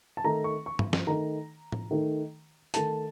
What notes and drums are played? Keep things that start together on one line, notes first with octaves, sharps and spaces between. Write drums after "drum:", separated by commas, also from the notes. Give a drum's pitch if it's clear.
A5
D#3 A3 D#4 A#5
C#6
C#6
drum: tom
drum: snare
D#3 A3 D#4 A#5
drum: tom A2
D#3 A3 D#4
D#3 A3 D#4 A5, drum: hi-hat